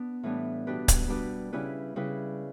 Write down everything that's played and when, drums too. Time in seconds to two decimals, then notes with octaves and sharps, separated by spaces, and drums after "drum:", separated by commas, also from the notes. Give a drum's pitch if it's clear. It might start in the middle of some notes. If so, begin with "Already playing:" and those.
Already playing: B3 D4
0.23 A2 E3 G3 B3 D4
0.67 B2 G3 D4 G4 B4
0.88 drum: kick C#1, hi-hat
1.08 B2 G3 D4 G4 B4
1.53 C#3 G3 C#4 E4 B4
1.96 C#3 G3 C#4 E4 B4